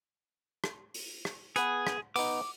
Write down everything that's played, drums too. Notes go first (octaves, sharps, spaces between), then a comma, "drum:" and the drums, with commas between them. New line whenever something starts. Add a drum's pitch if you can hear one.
drum: rim click
drum: open hi-hat
drum: rim click
B3 G#4 B4, drum: hi-hat
drum: rim click
B3 D#4 D6, drum: open hi-hat